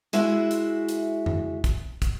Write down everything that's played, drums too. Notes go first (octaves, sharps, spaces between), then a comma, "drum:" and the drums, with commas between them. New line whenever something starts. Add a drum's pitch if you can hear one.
G#3 E4 F#4 E5, drum: hi-hat
drum: hi-hat
drum: hi-hat
drum: tom F2
drum: kick, hi-hat
drum: kick, hi-hat